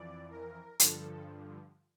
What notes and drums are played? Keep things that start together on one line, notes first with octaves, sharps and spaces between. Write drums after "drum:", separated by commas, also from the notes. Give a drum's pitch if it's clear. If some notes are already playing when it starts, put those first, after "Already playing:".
Already playing: F2 E3 D5
A#4
G2 D3 F3 A4, drum: hi-hat